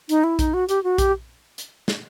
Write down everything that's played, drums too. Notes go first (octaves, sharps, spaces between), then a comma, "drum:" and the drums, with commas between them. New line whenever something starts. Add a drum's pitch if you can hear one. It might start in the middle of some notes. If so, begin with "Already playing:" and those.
D#4, drum: hi-hat
E4
D#4, drum: kick A#1, hi-hat
F#4
G4, drum: hi-hat
F#4
G4, drum: kick A#1, hi-hat
drum: hi-hat
drum: snare